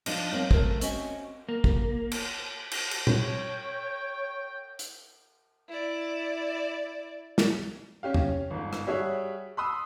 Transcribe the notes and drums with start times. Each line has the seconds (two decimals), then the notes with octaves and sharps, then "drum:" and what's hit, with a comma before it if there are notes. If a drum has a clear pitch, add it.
0.06 F3 D4 D#4, drum: cymbal
0.32 F#3 A#3 C4
0.51 A3 A#4 C5, drum: kick
0.81 C4 C#4 F#4 D#5 E5, drum: hi-hat
1.49 A#3
1.64 drum: kick
2.11 drum: cymbal
2.71 drum: cymbal
2.91 drum: cymbal
3.07 C#5 G5, drum: tom A#2
4.79 drum: hi-hat
5.69 E4 D5
7.38 drum: snare
8.03 C#4 G4 F5
8.14 drum: tom E2
8.50 G1 G#2
8.73 drum: rim click
8.87 G3 F#4 G#4 C#5 E5
9.57 B5 C6 D#6 E6